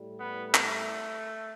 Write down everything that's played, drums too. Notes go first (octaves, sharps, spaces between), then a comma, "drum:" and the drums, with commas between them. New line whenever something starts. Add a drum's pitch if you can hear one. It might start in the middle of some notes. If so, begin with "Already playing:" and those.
Already playing: A2 G3
B3
A3, drum: clap